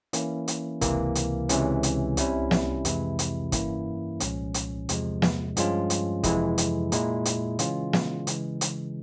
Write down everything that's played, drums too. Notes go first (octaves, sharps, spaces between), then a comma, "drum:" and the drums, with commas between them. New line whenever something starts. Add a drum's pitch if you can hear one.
E3 A#3 C#4 E4, drum: hi-hat
drum: hi-hat
C#2 C3 E3 A#3, drum: kick, hi-hat
drum: hi-hat
C#2 C3 E3 G#3 C#4, drum: hi-hat
drum: hi-hat
C2 C3 G3 C#4 E4, drum: hi-hat
drum: snare
F2 C3 E3 G#3 E4, drum: hi-hat
drum: hi-hat
G2 E3 A#3 C#4 E4, drum: kick, hi-hat
C2 A#2 F3 G#3 C#4, drum: hi-hat
drum: hi-hat
E2 C3 F3 G#3, drum: hi-hat
drum: snare
G2 F3 G#3 C#4 F4, drum: hi-hat
drum: hi-hat
F2 C3 E3 G#3 E4, drum: kick, hi-hat
drum: hi-hat
A#2 G#3 E4, drum: hi-hat
drum: hi-hat
C#3 E3 G#3 C#4 F4, drum: hi-hat
drum: snare
C#3 E3 G#3, drum: hi-hat
drum: hi-hat